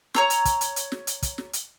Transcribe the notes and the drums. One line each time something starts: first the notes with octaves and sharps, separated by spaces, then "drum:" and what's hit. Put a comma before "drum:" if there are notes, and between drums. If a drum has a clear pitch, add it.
C#5 A#5 E6, drum: snare
drum: hi-hat
drum: kick, hi-hat
drum: hi-hat
drum: hi-hat
drum: snare
drum: hi-hat
drum: kick, hi-hat
drum: snare
drum: hi-hat